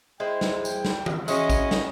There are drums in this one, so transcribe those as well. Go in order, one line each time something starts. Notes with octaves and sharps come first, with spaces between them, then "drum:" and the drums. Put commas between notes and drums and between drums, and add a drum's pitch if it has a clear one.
G#3 E4 C5 G5
drum: snare
G5, drum: tambourine
drum: snare
drum: tom D#3
G#3 C#4 E4 F#4 D#5, drum: tambourine
drum: kick A1, tambourine
drum: snare